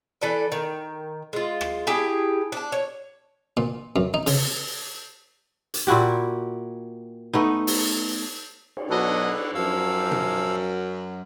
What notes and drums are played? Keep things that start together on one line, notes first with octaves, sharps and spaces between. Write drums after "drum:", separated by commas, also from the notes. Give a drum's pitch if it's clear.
E3 A4 B4 D5
D#3
G#3 F4
drum: rim click
E4 G4 G#4 A5
D4 A5
C#5
A#2
F#2
D#4
C#3, drum: open hi-hat
drum: hi-hat
A#2 E4 F#4 G4
A3 B3 D#4
drum: open hi-hat
drum: cymbal
B2 F#3 D4 A4 B4 D#5
F#2 F3 F5 E6
drum: tom B2